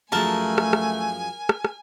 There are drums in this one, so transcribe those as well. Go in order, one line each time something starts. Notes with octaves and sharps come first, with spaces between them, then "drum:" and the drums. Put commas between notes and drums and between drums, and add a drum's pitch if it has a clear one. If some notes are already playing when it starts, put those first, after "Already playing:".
F#2 F3 G#3 A3 A#4 G#5 A5
drum: rim click
drum: rim click
drum: rim click
drum: rim click